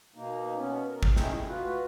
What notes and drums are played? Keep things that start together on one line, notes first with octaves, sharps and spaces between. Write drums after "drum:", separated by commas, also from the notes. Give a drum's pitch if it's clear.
B2 A#3 D#4
B2 B3 C#4
A#4
drum: kick G#1
A3 C#4 D#4 E4 G#4 G5, drum: snare
G#3
F4 F#4 B4